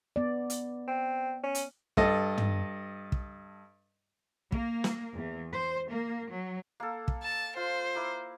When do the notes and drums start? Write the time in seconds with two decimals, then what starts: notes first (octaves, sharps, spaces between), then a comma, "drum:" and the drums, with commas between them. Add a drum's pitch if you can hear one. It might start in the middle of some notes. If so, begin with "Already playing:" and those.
0.16 B3 D5
0.50 drum: hi-hat
0.88 C4
1.43 C#4
1.55 drum: hi-hat
1.97 G2 A4 D#5, drum: kick
2.38 drum: tom
3.12 drum: kick
4.52 A#3, drum: kick
4.84 drum: snare
5.14 E2
5.54 C5
5.90 A#3
6.31 F#3
6.80 A#3 A4
7.08 drum: kick
7.23 A5
7.56 F4 C5
7.95 E4 A#4 D6